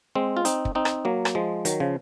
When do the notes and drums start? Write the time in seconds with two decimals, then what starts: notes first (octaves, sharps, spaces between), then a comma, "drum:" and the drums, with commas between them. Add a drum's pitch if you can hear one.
0.15 G#3 C4
0.37 F4
0.45 C4 D#4, drum: hi-hat
0.65 drum: kick
0.75 C4 D#4
0.85 drum: rim click
1.05 F#3 A#3
1.25 drum: rim click
1.35 F3 G#3
1.65 D#3 F#3, drum: hi-hat
1.80 C#3 F3